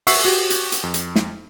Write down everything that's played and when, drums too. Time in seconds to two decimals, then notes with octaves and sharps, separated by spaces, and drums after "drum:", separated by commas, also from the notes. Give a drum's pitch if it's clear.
0.07 E5 F#5 C#6 E6 B6 C7, drum: open hi-hat
0.25 F#4 G4
0.50 drum: hi-hat
0.72 drum: hi-hat
0.83 F2
0.94 drum: hi-hat
1.16 drum: snare